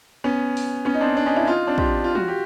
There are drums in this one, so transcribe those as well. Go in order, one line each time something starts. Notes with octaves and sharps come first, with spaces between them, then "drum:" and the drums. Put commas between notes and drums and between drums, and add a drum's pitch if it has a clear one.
B3 C#4
drum: open hi-hat
B3 C#4
D#4
C4 D4
C4 D4
C#4 D#4
D4 E4
D#4 F4
C4 D4
F4 G4, drum: kick
F4
F#4, drum: tom
G4